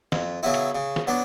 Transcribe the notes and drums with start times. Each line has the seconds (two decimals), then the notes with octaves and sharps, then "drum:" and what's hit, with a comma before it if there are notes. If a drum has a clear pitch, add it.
0.12 F2, drum: snare
0.43 C#3 F#3 B3 E4
0.54 drum: cymbal
0.75 C#3
0.96 drum: snare
1.07 F#3 B3 D4